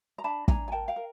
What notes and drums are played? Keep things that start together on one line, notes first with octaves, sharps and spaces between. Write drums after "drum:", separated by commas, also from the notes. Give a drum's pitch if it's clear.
A#5
D4 A5 B5
D4 G#5 A#5, drum: kick
G#5
A#4 G5 A5
F5 G5
A#4